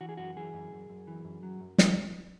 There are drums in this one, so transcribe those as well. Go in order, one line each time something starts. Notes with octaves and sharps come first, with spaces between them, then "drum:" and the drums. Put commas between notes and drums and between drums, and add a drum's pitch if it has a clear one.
E3 F#4
G#4
F#2 F#4
E3 G#4
F#2
F#2
F#2
E3
F#2
F#3
F#2
drum: snare